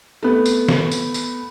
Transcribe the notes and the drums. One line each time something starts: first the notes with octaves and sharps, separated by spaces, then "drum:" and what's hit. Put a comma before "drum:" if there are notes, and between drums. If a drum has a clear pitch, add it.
A3 B3
drum: tambourine
drum: snare
drum: tambourine
drum: tambourine